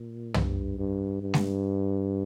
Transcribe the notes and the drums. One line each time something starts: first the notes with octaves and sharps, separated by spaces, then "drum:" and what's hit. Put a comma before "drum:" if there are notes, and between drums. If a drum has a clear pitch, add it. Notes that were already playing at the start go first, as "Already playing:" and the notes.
Already playing: A#2
G2, drum: tom
G2
G2
drum: snare G#3